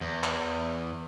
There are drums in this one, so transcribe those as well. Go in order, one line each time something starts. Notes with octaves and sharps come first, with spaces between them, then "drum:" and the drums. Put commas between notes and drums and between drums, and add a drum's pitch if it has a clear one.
E2
drum: clap